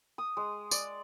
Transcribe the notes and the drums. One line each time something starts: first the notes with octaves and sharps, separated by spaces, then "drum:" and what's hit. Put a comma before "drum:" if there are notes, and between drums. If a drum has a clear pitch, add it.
D#6
G#3
D5, drum: tambourine